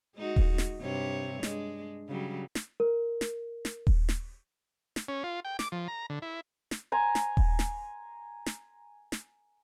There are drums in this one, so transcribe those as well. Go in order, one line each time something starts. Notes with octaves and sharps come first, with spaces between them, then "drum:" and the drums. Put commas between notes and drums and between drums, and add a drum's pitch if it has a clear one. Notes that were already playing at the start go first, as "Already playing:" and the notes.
G#3 D#4 F#4
drum: kick D#1
drum: snare
G2 C3 C#5
G#3 D4, drum: snare
C#3 F#3 G3
drum: snare
A#4
drum: snare
drum: snare
drum: kick D#1
drum: snare
drum: snare
C#4
F4
G5
D6, drum: snare
F3
A#5
D3
E4
drum: snare
G#5 A#5 C6
drum: snare
drum: kick D#1
drum: snare
drum: snare
drum: snare